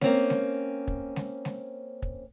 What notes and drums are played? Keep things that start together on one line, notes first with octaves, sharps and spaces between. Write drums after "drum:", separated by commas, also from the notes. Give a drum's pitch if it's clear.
A#3 C4 C#4, drum: snare G#3
drum: snare G#3
drum: kick
drum: snare G#3
drum: snare G#3
drum: kick